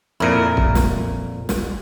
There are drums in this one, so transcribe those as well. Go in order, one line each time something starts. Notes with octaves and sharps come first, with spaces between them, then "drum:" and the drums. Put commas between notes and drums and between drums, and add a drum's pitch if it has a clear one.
F2 A#2 E4 A#4
drum: kick
drum: snare
drum: snare